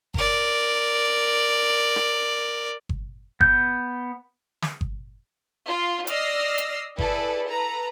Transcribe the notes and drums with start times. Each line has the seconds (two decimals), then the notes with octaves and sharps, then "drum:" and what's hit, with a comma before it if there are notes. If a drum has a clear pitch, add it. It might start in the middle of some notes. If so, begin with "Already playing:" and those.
0.14 A#4 D5, drum: kick G1
1.96 drum: rim click
2.89 drum: kick G1
3.41 B3 G6, drum: kick G1
4.62 drum: snare
4.81 drum: kick G1
5.68 F4
6.07 D5 D#5 E6 F6 A#6 C7, drum: hi-hat
6.58 drum: hi-hat
6.98 E4 G#4 A4 B4 D5, drum: kick G1
7.48 A4 B4 A#5